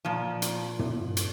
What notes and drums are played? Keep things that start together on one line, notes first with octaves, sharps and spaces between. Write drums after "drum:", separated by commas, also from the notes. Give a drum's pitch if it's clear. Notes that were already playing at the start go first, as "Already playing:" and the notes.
A#2 F3
drum: hi-hat
drum: tom
drum: hi-hat